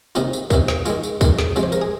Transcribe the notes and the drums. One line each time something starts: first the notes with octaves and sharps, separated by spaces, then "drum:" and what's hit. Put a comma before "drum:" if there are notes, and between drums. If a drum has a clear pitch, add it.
C3 D#3 A#3 F4, drum: tambourine
drum: tambourine
C3 D#3 A#3, drum: kick, tambourine
drum: snare
D#3 G#3 F4, drum: tambourine
drum: tambourine
D#3 G#3, drum: kick, tambourine
drum: snare
C3 F3 G#3, drum: tambourine
C5
A#4, drum: tambourine
G#4